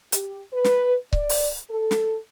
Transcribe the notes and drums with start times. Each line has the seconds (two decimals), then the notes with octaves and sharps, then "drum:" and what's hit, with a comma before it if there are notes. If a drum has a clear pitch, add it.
0.12 G4, drum: hi-hat
0.53 B4
0.64 drum: snare
1.13 D5, drum: kick C#1
1.29 drum: open hi-hat
1.70 A4
1.91 drum: snare